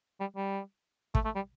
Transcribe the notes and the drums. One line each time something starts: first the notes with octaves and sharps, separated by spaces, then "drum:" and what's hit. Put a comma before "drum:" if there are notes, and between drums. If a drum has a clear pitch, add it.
G3
G3
A3, drum: kick
A3
G3